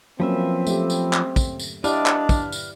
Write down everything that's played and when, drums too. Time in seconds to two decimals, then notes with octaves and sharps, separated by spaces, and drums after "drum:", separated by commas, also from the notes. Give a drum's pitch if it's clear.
0.20 F3 F#3 A#3 C4 C#4 B4 E5
0.67 A3 G4, drum: tambourine
0.90 drum: tambourine
1.13 drum: clap
1.36 drum: kick, tambourine
1.59 drum: tambourine
1.84 D4 E4 G4 B4 D5 D#5 F5, drum: tambourine
2.06 drum: clap
2.29 drum: kick, tambourine
2.52 drum: tambourine